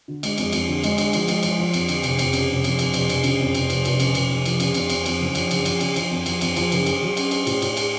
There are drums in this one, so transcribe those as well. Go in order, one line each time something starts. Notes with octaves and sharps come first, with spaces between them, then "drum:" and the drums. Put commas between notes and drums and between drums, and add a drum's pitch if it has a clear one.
D3
G#3, drum: cymbal
F2, drum: cymbal
F2, drum: cymbal
D3
G#3, drum: cymbal
D3, drum: cymbal
F3, drum: cymbal
G#3, drum: cymbal
F3, drum: cymbal
F3
F2, drum: cymbal
D3, drum: cymbal
F1, drum: cymbal
F2, drum: cymbal
C#3, drum: cymbal
F1
F2, drum: cymbal
F2, drum: cymbal
F1, drum: cymbal
F1, drum: cymbal
C#3, drum: cymbal
F2
F1, drum: cymbal
F1, drum: cymbal
F1, drum: cymbal
C#3, drum: cymbal
F1, drum: cymbal
F1
F3, drum: cymbal
C#3, drum: cymbal
F2, drum: cymbal
F2, drum: cymbal
F2, drum: cymbal
F#1
F3, drum: cymbal
F#1, drum: cymbal
F3, drum: cymbal
C#3, drum: cymbal
F3, drum: cymbal
F2
F3, drum: cymbal
F2, drum: cymbal
F3, drum: cymbal
F#1, drum: cymbal
G#4, drum: cymbal
F#3
C#4, drum: cymbal
G#4, drum: cymbal
A2, drum: cymbal
A2, drum: cymbal
G#4, drum: cymbal